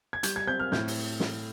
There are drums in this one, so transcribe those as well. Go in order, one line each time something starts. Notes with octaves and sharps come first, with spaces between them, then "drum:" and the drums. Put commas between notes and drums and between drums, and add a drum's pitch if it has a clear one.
G#6
G3 G6, drum: hi-hat
G#6
C4 G6
F6
A2 G6, drum: snare
drum: open hi-hat
drum: snare